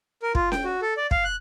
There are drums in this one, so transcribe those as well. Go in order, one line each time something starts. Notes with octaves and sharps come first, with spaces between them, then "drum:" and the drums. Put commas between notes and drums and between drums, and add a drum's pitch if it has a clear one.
A#4
F4, drum: kick
G5, drum: snare C#4
F#4
A4
D5
F5, drum: kick
F#6